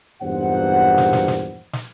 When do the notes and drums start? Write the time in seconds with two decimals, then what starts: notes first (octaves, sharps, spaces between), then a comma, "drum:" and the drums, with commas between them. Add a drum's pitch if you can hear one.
0.22 B1 E2 G2 A#2 C5 F#5
0.98 drum: snare
1.13 drum: snare
1.28 drum: snare
1.73 drum: snare